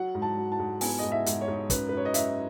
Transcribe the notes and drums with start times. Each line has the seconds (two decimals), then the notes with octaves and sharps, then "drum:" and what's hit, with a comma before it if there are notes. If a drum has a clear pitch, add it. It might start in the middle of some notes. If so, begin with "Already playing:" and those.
Already playing: F#3 F#5
0.15 G#2
0.22 A5
0.37 F#3
0.52 A5
0.59 G#2
0.81 B3 G#5, drum: open hi-hat
0.99 G#2 D#5
1.12 E5
1.26 G#2, drum: hi-hat
1.41 C#5
1.48 G#2
1.70 F#2 B4, drum: kick, hi-hat
1.89 B4
1.93 F#2 C#5
2.05 D#5
2.14 F#2 E5, drum: hi-hat